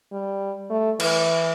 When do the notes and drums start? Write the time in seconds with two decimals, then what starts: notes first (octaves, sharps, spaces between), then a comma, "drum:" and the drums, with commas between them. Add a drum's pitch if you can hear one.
0.12 G3
0.70 A3
1.00 E3, drum: cymbal